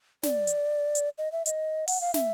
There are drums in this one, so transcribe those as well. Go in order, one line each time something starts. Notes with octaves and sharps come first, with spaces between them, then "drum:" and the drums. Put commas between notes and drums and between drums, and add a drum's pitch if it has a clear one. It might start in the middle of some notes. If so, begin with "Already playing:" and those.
D5, drum: snare
drum: hi-hat
drum: hi-hat
D#5
E5
D#5, drum: hi-hat
F#5, drum: open hi-hat
F5
E5, drum: snare